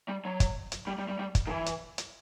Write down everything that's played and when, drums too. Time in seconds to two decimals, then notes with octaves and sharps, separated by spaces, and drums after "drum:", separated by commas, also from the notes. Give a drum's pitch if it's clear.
0.08 G3
0.25 F#3
0.40 drum: kick, hi-hat
0.72 drum: hi-hat
0.87 G3
0.98 G3
1.09 G3
1.19 G3
1.35 drum: kick, hi-hat
1.47 D#3
1.50 E3
1.66 drum: hi-hat
1.98 drum: hi-hat